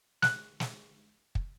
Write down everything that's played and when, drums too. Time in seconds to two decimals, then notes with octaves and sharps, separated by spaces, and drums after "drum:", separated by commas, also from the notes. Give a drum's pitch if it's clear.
0.22 F#6, drum: snare
0.60 drum: snare
1.35 drum: kick